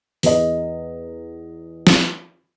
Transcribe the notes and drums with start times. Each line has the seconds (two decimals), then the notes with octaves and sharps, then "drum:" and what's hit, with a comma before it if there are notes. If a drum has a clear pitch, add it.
0.23 E2 D#5, drum: open hi-hat
1.87 drum: snare